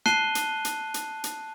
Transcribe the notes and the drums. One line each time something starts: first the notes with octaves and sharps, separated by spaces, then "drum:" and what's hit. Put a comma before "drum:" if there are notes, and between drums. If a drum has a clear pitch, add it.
A5 F#6 C7 D#7 G7, drum: snare
drum: hi-hat
drum: hi-hat
drum: hi-hat
drum: hi-hat